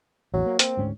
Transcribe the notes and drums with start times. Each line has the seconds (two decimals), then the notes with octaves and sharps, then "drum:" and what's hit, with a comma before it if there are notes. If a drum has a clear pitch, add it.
0.34 A1 E2 F#3
0.46 A#3
0.59 C4, drum: hi-hat
0.77 D2 G#2 C#4